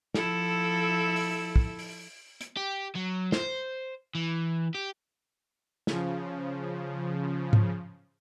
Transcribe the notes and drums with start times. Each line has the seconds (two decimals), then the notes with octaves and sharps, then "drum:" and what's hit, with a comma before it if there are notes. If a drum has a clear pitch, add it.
0.15 F3 E4 A4, drum: snare
1.16 drum: open hi-hat
1.56 drum: kick
1.79 drum: open hi-hat
2.41 drum: hi-hat
2.57 G4
2.95 F#3
3.32 C5, drum: snare
4.15 E3
4.75 G4
5.87 C#3 F3, drum: snare
7.53 drum: tom G#2